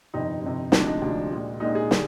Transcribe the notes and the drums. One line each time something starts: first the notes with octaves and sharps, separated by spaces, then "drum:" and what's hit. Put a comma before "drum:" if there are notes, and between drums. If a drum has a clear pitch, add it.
G1 F2 C3 D#4
G1 F2 C3
D2 C3 F3 G#3 D4, drum: snare
D#4
D2 C3 F3 G#3
A#1 A#2 G#3
A#1 A#2 G#3 D#4
G#4
D3 G3, drum: snare